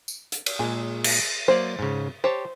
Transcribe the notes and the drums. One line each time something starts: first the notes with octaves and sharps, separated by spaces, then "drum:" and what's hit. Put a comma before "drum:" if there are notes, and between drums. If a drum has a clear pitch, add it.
drum: tambourine
drum: hi-hat
drum: cymbal
A#2 G#3 G#4
drum: cymbal
F#3 A#3 C5 D5
G#2 C#3
G4 C5 C#5 A5